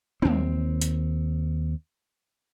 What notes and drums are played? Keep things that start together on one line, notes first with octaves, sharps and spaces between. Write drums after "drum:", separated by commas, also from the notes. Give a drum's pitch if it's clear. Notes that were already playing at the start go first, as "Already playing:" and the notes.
D#2 C4, drum: tom
drum: hi-hat